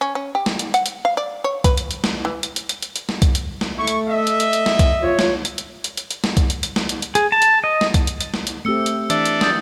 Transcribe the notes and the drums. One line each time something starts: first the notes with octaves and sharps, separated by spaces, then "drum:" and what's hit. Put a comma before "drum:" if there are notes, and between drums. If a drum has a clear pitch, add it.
C#4
C#4
G4
drum: snare
drum: hi-hat
F#5, drum: hi-hat
drum: hi-hat
F5
D5
C#5
B4, drum: kick C2, hi-hat
drum: hi-hat
drum: hi-hat
drum: snare
E3
drum: hi-hat
drum: hi-hat
drum: hi-hat
drum: hi-hat
drum: hi-hat
drum: snare
drum: kick C2, hi-hat
drum: hi-hat
drum: snare
A3 E4 C#6
drum: hi-hat
D#5 E5
drum: hi-hat
drum: hi-hat
drum: hi-hat
drum: snare
drum: kick C2, hi-hat
F4 C#5
drum: snare
drum: hi-hat
drum: hi-hat
drum: hi-hat
drum: hi-hat
drum: hi-hat
drum: snare
drum: kick C2, hi-hat
drum: hi-hat
drum: hi-hat
drum: snare
drum: hi-hat
drum: hi-hat
G#4, drum: hi-hat
A5
drum: hi-hat
D#5
drum: snare
drum: kick C2, hi-hat
drum: hi-hat
drum: hi-hat
drum: snare
drum: hi-hat
A3 C4 G4 E6 C#7
drum: hi-hat
E3 D4 E5 E6, drum: hi-hat
drum: hi-hat
D#6 G6 A6, drum: snare